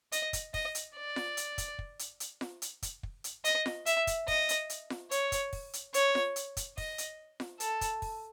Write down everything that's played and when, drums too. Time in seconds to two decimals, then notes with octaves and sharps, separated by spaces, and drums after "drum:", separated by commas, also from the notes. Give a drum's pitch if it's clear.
0.12 D#5, drum: hi-hat
0.33 drum: kick, hi-hat
0.54 D#5, drum: kick, open hi-hat
0.75 drum: hi-hat
0.96 D5
1.16 drum: snare F4
1.37 drum: hi-hat
1.58 drum: kick, hi-hat
1.79 drum: kick
1.99 drum: hi-hat
2.20 drum: hi-hat
2.41 drum: snare F4
2.62 drum: hi-hat
2.83 drum: kick, hi-hat
3.03 drum: kick
3.24 drum: hi-hat
3.45 D#5, drum: hi-hat
3.66 drum: snare F4
3.86 E5, drum: hi-hat
4.07 drum: kick, hi-hat
4.28 D#5, drum: kick, open hi-hat
4.49 drum: hi-hat
4.70 drum: hi-hat
4.90 drum: snare F4
5.11 C#5, drum: hi-hat
5.32 drum: kick, hi-hat
5.53 drum: kick, open hi-hat
5.73 drum: hi-hat
5.94 C#5, drum: hi-hat
6.15 drum: snare F4
6.36 drum: hi-hat
6.57 drum: kick, hi-hat
6.78 D#5, drum: kick, open hi-hat
6.98 drum: hi-hat
7.40 drum: snare F4
7.60 A4, drum: hi-hat
7.81 drum: kick, hi-hat
8.02 drum: kick, open hi-hat